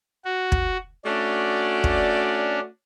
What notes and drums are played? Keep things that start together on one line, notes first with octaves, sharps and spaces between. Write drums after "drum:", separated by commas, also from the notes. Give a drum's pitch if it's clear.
F#4
drum: kick
A3 C#4 D4 F#4 D5
drum: kick